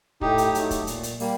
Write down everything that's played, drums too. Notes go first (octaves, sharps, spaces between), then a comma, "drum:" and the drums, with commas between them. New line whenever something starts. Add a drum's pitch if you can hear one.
A2 D#4 G4, drum: kick
drum: hi-hat
F#3 A3, drum: hi-hat
drum: kick, hi-hat
A#2, drum: hi-hat
drum: hi-hat
G3 A#3, drum: open hi-hat